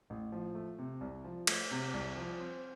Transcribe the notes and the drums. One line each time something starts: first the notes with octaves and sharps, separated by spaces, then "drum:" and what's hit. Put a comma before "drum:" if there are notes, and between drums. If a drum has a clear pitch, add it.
A1
F3
A3
C3
C2
F3
A3, drum: cymbal
C3
C2
F3
C4